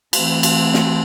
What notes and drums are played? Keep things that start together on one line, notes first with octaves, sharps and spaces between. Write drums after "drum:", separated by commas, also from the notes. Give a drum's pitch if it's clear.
E3 A3 C4, drum: cymbal
drum: cymbal
drum: snare